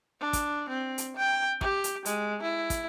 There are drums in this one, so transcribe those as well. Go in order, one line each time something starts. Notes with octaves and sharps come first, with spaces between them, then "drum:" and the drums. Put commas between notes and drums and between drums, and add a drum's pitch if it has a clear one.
D4
drum: kick, hi-hat
C4
drum: hi-hat
G5
G4, drum: kick
drum: hi-hat
G#3, drum: hi-hat
E4
drum: kick, hi-hat